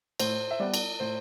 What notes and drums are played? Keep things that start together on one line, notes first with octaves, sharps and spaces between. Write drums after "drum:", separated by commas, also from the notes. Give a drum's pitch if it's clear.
A2 C5, drum: cymbal
E5
G3 B3 D5
drum: cymbal
A2 C5